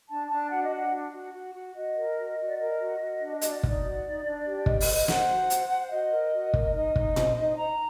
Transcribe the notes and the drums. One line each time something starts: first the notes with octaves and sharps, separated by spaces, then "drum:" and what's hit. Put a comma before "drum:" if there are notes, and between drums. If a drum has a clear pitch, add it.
D4 A5
D4 A5
F#4 F#5
D#5
D4 F#5
F#4
F#4
F#4
F#4
F#4 D#5
A#4
F#4
F#4
D5
A#4 D#5
F#4
F#4
D4
F#4 D#5, drum: hi-hat
D5
D#4 D5, drum: kick
F#4
D#4
D4
G4
C5 D#5, drum: kick
D#5, drum: open hi-hat
C5
D#5
C5 F#5, drum: snare
F#4
C5, drum: hi-hat
C5
F#4 D#5
A#4
F#4
A#4, drum: kick
D#4 D#5
D#4, drum: kick
C5, drum: tom A#2
D#4
D#4 A#5